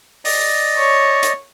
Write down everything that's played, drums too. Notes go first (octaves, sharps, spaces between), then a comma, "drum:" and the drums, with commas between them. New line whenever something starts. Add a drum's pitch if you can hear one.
D5 D#5, drum: open hi-hat
C#5
drum: hi-hat